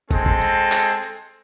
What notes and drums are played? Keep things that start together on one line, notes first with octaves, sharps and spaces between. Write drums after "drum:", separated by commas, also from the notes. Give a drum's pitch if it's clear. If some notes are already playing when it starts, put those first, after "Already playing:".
G#3 C4 A4, drum: kick, tambourine
drum: kick
drum: tambourine
drum: clap
drum: tambourine